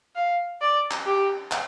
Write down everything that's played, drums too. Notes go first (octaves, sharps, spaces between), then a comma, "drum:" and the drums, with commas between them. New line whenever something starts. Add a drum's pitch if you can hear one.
F5
D5
drum: clap
G4
drum: clap